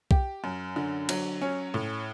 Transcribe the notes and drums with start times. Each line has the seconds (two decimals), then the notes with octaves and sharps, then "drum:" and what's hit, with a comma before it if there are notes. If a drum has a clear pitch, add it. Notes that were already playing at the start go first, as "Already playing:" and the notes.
0.11 G4, drum: kick B1
0.44 F#2
0.76 D3
1.09 F#3, drum: cymbal
1.41 C#4
1.74 A2